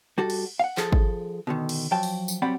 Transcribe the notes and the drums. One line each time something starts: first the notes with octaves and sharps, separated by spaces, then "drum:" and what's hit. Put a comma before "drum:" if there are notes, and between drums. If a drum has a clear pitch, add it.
G3 F#4 A4
drum: cymbal
F5 F#5
F3 G#4 A4, drum: clap
drum: kick G#1
B2 D3 D#3
drum: cymbal
F3 F#3 G5 A5
drum: open hi-hat
drum: tambourine
F#3 G3 C4 D5 F#5 B5